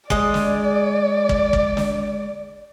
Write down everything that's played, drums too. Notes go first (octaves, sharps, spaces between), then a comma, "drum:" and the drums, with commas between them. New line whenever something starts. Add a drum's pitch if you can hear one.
G#3 D5 D#5, drum: kick
drum: snare
drum: kick
drum: kick
drum: snare